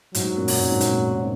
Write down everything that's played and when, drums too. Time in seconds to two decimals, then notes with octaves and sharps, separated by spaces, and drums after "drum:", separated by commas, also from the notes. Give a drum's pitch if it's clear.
0.15 G#2 F#3, drum: hi-hat
0.36 F#2 A#2
0.48 drum: open hi-hat
0.59 G#2 C3
0.71 G#2
0.81 F#2 A#2, drum: hi-hat
1.14 C3